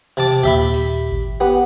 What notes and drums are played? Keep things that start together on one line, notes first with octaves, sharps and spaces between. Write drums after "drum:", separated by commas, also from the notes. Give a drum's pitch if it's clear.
C3 A5 D6
D#2 A#2 G4 E5 B5
drum: open hi-hat
drum: kick G#1
B3 G4 B4 F#5